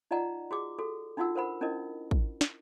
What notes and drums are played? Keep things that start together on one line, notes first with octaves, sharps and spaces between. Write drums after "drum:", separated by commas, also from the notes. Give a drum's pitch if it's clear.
D#4 F4 D5 D#5 F#5 A#5
F#4 G#4 D6
F#4 A4
D4 D#4 F4 F#4 F#5 E6
A#4 C5 F#5 B5
C#4 D4 E4 A#4 D#5
drum: kick
drum: snare